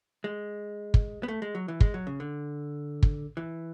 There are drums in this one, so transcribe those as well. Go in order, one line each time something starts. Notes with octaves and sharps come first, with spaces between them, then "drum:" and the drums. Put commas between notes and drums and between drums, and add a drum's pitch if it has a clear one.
G#3
drum: kick
B3
A3
G#3
F#3
E3
G#3, drum: kick
F#3
C#3
D3
drum: kick
E3